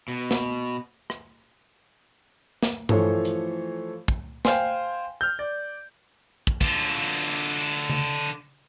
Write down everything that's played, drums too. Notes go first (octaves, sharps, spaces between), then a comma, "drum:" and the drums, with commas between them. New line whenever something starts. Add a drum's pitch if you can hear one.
B2
drum: snare
drum: rim click
drum: snare
E3 F3 A3 A4 C5 C#5, drum: tom G2
drum: hi-hat
drum: kick
C5 F5 G5 G#5 C6, drum: snare
F6 G6
D5
drum: kick
D3 F4, drum: kick
drum: tom C#3